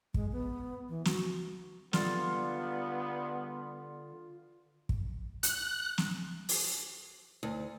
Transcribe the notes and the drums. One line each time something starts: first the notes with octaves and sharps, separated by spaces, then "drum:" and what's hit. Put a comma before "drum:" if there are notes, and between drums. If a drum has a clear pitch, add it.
G#3, drum: kick
B3
E3
F#4, drum: snare
D3 G3 B3 F4, drum: snare
drum: kick
F#6, drum: hi-hat
drum: snare
drum: open hi-hat
D2